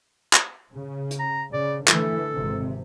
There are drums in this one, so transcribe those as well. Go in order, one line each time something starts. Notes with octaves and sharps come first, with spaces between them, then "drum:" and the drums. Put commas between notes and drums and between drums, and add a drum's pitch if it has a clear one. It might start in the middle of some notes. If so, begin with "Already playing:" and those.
drum: clap
C#3
drum: hi-hat
A#5
C#3 D5
D3 E3 A3 A4, drum: clap
G#1 C3